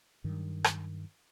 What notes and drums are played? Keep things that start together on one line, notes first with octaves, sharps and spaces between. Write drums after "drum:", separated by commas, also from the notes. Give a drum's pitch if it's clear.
G2 D#3 F#3
drum: rim click